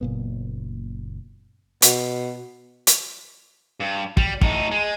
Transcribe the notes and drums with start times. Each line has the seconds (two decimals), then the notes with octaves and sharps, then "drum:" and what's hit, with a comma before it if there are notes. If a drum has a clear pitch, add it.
0.01 F#1 A#2 B3
1.82 B2, drum: hi-hat
2.87 drum: hi-hat
3.80 G2
4.17 G3, drum: kick
4.41 A2 D#4, drum: kick
4.71 G#3